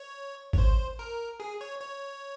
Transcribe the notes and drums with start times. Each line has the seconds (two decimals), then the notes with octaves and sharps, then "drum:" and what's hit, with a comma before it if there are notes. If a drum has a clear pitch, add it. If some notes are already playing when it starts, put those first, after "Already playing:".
Already playing: C#5
0.53 C#5, drum: kick G#1
0.58 C5
0.99 A#4
1.40 G#4
1.61 C#5
1.81 C#5